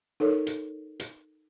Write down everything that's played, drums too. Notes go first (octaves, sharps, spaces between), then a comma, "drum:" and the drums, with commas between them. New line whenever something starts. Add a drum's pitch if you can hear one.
D#4 A4 A#4 C#5
drum: hi-hat
drum: hi-hat